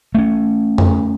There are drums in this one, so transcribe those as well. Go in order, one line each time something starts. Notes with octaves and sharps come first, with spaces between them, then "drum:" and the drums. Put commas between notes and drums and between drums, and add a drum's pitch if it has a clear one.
A3 C4 C#4
drum: tom F2